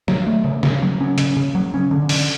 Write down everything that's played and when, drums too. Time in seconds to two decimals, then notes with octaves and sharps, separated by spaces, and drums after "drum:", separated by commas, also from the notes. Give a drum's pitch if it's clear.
0.08 F#3, drum: snare
0.27 A3
0.45 C#3
0.63 C#3, drum: snare
0.82 F#3
1.01 C#4
1.18 C#3, drum: hi-hat
1.37 C#3
1.55 F#3
1.74 C#4
1.91 D3
2.09 D3, drum: open hi-hat